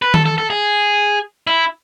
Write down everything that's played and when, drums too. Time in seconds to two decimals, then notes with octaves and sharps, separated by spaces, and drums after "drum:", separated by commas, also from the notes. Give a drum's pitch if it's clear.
0.02 B4
0.14 A4, drum: tom D#3
0.26 A4
0.38 A4
0.50 G#4
1.47 E4